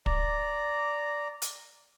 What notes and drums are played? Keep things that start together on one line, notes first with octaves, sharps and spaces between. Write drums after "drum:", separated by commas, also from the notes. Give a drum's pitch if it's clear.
D5 A#5, drum: kick
drum: hi-hat